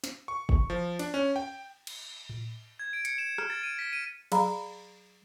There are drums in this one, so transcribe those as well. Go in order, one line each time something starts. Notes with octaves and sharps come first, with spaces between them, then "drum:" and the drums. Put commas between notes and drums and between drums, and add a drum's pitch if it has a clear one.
drum: snare
C#6
drum: kick
F3
D4, drum: cymbal
C#4
G5
drum: cymbal
drum: tom A2
G#6
D7
C#7, drum: hi-hat
E7
F6, drum: rim click
A6
D#7
B6
D#7
F#3 G#4 F5 A#5 B5, drum: cymbal